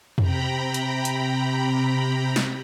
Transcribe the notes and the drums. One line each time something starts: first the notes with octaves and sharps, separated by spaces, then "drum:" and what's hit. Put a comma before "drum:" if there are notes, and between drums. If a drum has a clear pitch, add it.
C3 G5 A#5 B5, drum: tom F2
drum: hi-hat
drum: hi-hat
drum: snare